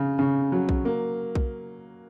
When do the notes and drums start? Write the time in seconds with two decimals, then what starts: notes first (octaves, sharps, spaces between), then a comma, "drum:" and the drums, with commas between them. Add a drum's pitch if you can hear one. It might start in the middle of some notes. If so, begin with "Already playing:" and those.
Already playing: C#3
0.19 C#3
0.52 F#3
0.69 drum: kick B1
0.85 A#3
1.35 drum: kick B1